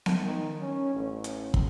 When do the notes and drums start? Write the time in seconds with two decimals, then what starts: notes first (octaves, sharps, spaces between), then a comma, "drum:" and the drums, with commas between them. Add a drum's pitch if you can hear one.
0.06 drum: snare B3
0.23 D#3
0.61 C#4
0.95 A1
1.24 drum: hi-hat
1.54 drum: kick